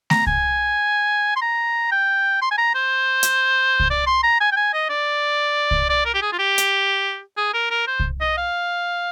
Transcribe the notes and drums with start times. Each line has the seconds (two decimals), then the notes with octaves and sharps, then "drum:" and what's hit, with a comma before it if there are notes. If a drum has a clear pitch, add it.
0.10 A#5, drum: snare A3
0.27 G#5, drum: kick C2
1.36 C6
1.42 A#5
1.91 G5
2.42 C6
2.51 G#5
2.58 A#5
2.75 C5
3.23 drum: hi-hat
3.80 drum: kick C2
3.90 D5
4.07 C6
4.23 A#5
4.40 G#5
4.52 G5
4.56 G#5
4.74 D#5
4.89 D5
5.71 drum: kick C2
5.89 D5
6.06 A#4
6.14 G4
6.22 G#4
6.32 F4
6.39 G4
6.58 drum: hi-hat
7.37 G#4
7.54 A#4
7.71 A#4
7.87 C5
8.00 drum: kick C2
8.21 D#5
8.37 F5